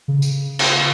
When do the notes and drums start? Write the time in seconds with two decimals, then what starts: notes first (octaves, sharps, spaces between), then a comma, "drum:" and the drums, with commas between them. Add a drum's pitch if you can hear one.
0.08 C#3
0.22 drum: tambourine
0.59 drum: cymbal